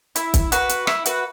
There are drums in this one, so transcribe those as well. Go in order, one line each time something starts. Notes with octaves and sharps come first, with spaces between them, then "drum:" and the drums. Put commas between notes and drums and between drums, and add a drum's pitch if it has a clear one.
E4, drum: hi-hat
drum: kick, hi-hat
F#4 B4, drum: hi-hat
drum: hi-hat
E4, drum: rim click
F#4 B4, drum: hi-hat